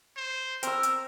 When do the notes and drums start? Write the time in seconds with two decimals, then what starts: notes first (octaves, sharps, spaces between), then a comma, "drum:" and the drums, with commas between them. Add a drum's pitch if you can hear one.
0.17 C5
0.63 C4 A#4 E6, drum: hi-hat
0.83 drum: hi-hat